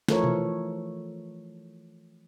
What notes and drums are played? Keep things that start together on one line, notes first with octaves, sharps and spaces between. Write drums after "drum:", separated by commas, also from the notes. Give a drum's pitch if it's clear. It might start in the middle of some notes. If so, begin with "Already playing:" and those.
E3 F3 A3 A4 A#4 C#5, drum: snare
drum: tom B2